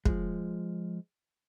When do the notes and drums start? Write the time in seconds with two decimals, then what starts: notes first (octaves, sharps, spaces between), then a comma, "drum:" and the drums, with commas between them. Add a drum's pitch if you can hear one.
0.05 F3 G#3, drum: kick